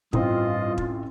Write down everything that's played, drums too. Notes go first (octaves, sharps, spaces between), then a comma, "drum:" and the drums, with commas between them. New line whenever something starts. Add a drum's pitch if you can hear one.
A1 G2 C4 F4 D#5 C6, drum: kick
drum: kick